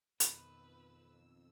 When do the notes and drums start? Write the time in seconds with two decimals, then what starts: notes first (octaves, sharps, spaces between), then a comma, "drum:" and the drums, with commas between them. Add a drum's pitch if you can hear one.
0.20 F2 B2 D#3 B4 E6, drum: hi-hat